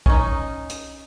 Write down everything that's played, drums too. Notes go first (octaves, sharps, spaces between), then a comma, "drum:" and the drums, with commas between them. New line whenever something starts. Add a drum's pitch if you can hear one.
C#4 D#4, drum: kick
drum: hi-hat